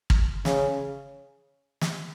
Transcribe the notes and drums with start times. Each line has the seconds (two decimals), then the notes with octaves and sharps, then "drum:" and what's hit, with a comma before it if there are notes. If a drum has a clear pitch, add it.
0.10 drum: kick
0.45 C#3, drum: snare
1.81 drum: snare